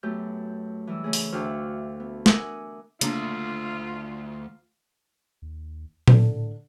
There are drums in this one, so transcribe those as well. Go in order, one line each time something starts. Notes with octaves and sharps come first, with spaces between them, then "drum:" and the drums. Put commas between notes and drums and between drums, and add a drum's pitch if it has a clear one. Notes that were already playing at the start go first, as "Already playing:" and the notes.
F#2 A3 B3 G4 G6
E3 G3 E6
C#3 A3 G#4
drum: open hi-hat
D2 F#4 E5 F5 G5 D6
B3
A#4 E5 F#5 G#5 D6 D#6, drum: snare
D2 C#3 A#3 D4 F4, drum: hi-hat
D#2
A2 D3 A4, drum: tom A#2